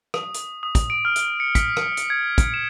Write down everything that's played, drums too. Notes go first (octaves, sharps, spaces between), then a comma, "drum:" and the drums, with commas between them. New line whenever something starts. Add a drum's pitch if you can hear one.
D#6, drum: rim click
drum: hi-hat
D#6
drum: kick, hi-hat
D7
F6
drum: hi-hat
C#7
B6, drum: kick, hi-hat
drum: rim click
drum: hi-hat
G#6
drum: kick, hi-hat
E7